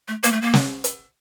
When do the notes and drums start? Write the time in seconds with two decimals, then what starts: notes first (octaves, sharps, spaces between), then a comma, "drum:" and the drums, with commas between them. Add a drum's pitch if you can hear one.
0.08 A3
0.24 A#3, drum: hi-hat
0.32 A3
0.41 A#3
0.54 drum: snare
0.84 drum: hi-hat